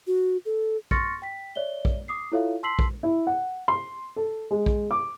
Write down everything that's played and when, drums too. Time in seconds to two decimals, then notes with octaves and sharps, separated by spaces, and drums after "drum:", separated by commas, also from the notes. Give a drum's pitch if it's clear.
0.07 F#4
0.45 A4
0.91 C6 C#6 F6 A6 A#6 C#7, drum: kick A#1
1.22 G5 B6
1.55 C#5 D5 E5 G7
1.85 drum: kick A#1
2.08 D6 D#6 C7
2.32 E4 F4 A4 C#5 E5 F5
2.63 A5 C6 E6 B6 C7 F#7
2.79 drum: kick A#1
3.03 E4
3.27 F#5
3.68 C6
4.16 A4
4.51 G#3
4.66 drum: kick A#1
4.91 D6